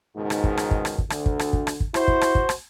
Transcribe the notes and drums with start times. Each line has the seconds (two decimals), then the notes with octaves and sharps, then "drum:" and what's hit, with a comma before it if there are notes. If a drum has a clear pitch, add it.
0.16 C#2 G#2 B2 D#3
0.30 drum: rim click
0.44 drum: kick
0.57 drum: rim click
0.71 drum: kick
0.85 drum: rim click
0.98 drum: kick
1.10 D2 D3, drum: rim click
1.26 drum: kick
1.39 drum: rim click
1.53 drum: kick
1.67 drum: rim click
1.80 drum: kick
1.94 E4 F#4 C5, drum: rim click
2.08 drum: kick
2.21 drum: rim click
2.35 drum: kick
2.49 drum: rim click